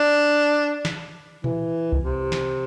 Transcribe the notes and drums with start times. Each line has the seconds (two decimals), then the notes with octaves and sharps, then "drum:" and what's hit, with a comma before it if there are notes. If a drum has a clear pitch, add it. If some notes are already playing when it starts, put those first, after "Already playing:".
Already playing: D4
0.85 drum: snare
1.44 E3, drum: tom A#2
1.92 drum: kick C2
2.04 C3
2.32 drum: snare